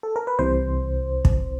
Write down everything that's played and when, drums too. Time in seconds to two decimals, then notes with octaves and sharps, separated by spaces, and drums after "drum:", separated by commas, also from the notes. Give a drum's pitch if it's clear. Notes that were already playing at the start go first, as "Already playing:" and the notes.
0.03 A4
0.16 A#4
0.27 B4
0.39 C2 C3 E3 C5
1.25 drum: kick